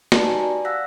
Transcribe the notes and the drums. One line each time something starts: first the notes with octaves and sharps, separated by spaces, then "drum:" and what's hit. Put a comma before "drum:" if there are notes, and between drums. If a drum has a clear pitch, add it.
D#4 F#4 G4 B4 D5 A5, drum: snare
G4 G#5 A#5
D5
F5 F#5 E6 F#6 A#6 B6